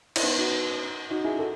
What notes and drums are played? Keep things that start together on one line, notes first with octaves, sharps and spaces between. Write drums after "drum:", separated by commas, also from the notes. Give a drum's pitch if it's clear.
E4, drum: cymbal
B3 D#4
D#4 F#4
D#4 F#4
E4 G#4
F#4 A4